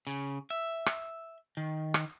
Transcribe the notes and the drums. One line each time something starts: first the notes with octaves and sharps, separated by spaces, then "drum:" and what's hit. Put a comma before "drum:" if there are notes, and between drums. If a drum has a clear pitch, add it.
C#3
E5
drum: rim click
D#3
drum: rim click